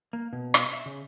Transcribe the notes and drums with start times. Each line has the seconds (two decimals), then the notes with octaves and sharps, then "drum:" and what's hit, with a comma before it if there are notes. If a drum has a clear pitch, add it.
0.13 A#3
0.33 B2
0.54 drum: rim click
0.73 E5
0.86 C#3